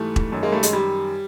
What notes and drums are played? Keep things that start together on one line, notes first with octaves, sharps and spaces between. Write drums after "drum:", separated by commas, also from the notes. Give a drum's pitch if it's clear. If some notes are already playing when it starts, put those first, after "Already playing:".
Already playing: G#2 E3 G3 A3
drum: kick E1
F#2 D#3
G#3 A#3
G3 A3
G#3, drum: hi-hat
G3